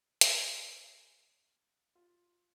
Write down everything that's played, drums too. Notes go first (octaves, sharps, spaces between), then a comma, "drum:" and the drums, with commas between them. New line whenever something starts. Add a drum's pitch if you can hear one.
F5, drum: hi-hat
F4